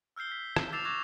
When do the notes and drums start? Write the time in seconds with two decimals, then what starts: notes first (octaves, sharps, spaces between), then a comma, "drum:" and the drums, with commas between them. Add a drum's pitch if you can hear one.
0.16 E6 F6 G6 C7 G7
0.32 B6
0.56 E7, drum: rim click
0.72 D6 E6 A6 C7 E7 F7
0.85 C#6 D6 F#6 G#6 A#6 E7